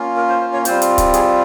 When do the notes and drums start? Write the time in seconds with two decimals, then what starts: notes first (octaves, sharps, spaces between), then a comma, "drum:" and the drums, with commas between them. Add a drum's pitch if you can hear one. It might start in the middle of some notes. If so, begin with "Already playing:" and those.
Already playing: A#3 C#4 F4
0.17 A#4
0.29 C5
0.41 C5
0.53 C#5
0.65 G3 C4 F4 C5, drum: hi-hat
0.82 drum: hi-hat
0.98 drum: kick, hi-hat
1.14 G#4, drum: hi-hat